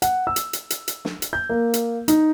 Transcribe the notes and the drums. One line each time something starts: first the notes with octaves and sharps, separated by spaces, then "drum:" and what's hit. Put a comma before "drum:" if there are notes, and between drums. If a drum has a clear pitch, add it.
F#5, drum: hi-hat
E6
drum: hi-hat
drum: hi-hat
drum: hi-hat
drum: hi-hat
drum: snare
drum: hi-hat
G6
A#3
drum: hi-hat
D#4, drum: hi-hat